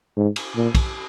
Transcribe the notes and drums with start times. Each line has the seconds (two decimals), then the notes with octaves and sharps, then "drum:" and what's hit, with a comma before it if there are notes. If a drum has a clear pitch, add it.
0.17 G#2
0.36 drum: cymbal
0.56 A#2
0.75 drum: kick, cymbal